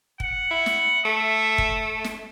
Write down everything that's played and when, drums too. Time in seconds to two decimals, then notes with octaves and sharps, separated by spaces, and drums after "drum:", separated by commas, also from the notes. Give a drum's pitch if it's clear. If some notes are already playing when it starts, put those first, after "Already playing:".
0.20 F#5, drum: kick
0.51 E4
0.66 drum: snare
1.05 A3 E5
1.58 drum: kick
2.04 drum: snare